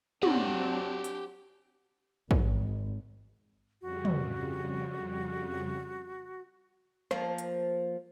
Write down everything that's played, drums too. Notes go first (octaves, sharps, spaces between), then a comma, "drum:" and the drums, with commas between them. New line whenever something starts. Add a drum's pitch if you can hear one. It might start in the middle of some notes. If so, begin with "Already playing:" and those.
F#3 C4 D4 G4 F#5, drum: tom
drum: hi-hat
G#1, drum: kick
F2 C#3 G3 F#4
drum: tom
F3 A#3, drum: rim click
drum: hi-hat